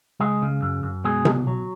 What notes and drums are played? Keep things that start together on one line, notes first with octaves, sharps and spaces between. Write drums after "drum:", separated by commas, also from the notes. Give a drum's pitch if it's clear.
C#2 G#3 G#4
C#3
F#2
F#2
B2 G#3 G#4
B1, drum: tom C3
F#3